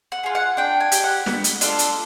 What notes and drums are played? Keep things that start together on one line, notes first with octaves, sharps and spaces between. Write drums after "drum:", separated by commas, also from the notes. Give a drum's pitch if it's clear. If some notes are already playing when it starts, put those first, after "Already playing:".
F#5
F4 G#4
F#5
D4 G5
G#5
G4, drum: hi-hat
F#5
B3, drum: snare
drum: hi-hat
D4 F4 A4, drum: hi-hat
drum: hi-hat